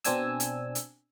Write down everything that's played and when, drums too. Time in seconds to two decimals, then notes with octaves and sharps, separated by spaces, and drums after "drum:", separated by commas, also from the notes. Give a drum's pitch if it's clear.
0.04 B2 C4 D4 G#5 E6, drum: hi-hat
0.40 drum: hi-hat
0.75 drum: hi-hat